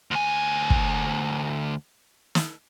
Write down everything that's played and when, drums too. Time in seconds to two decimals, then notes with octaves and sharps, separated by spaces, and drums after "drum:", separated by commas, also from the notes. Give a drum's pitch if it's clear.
0.11 D2 G#5
0.70 drum: kick
2.35 drum: snare